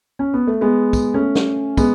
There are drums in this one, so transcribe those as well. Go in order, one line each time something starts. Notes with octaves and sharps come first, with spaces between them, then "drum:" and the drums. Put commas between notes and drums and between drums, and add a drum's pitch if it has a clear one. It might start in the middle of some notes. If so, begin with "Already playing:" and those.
C#4
B3
A3
G#3 B3
drum: kick, tambourine
A3 C#4
drum: snare
G#3 B3, drum: kick, tambourine